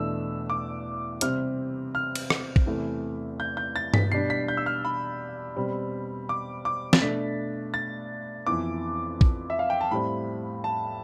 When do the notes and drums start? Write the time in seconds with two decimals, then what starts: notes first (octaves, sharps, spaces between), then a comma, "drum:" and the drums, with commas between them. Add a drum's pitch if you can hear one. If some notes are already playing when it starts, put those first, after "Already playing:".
Already playing: E2 B2 A3 D4 E6
0.50 D6
1.21 C3 G3 C4 F6, drum: hi-hat
1.95 F6
2.15 drum: cymbal
2.30 drum: rim click
2.56 drum: kick
2.66 E2 C3 E3 A3
3.40 G6
3.57 G6
3.76 A6
3.94 B6, drum: tom G2
4.12 B2 G3 D4 C7
4.30 B6
4.48 G6
4.57 E6
4.66 F6
4.85 B5
5.56 B2 G3 C4
6.29 D6
6.65 D6
6.93 A6, drum: snare
7.01 B2 A3 D4 B6
7.74 A6
8.46 F2 E3 B3 D6
9.21 drum: kick
9.50 E5
9.59 F5
9.70 G5
9.81 A5
9.91 A2 G3 C4 B5
10.64 A5